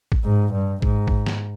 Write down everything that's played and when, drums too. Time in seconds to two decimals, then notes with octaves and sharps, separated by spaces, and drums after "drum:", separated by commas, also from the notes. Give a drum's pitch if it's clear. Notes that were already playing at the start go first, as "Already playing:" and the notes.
0.12 drum: kick
0.25 G#2
0.53 G2
0.82 G#2, drum: kick
1.08 drum: kick
1.26 drum: snare